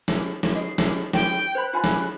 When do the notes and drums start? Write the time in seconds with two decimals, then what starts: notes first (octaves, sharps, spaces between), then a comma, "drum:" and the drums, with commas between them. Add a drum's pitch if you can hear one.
0.08 drum: snare
0.43 drum: snare
0.55 D#5 C7
0.78 drum: snare
1.13 G5, drum: snare
1.55 C5 B5 F#6
1.73 F4 G#5 B5
1.84 drum: snare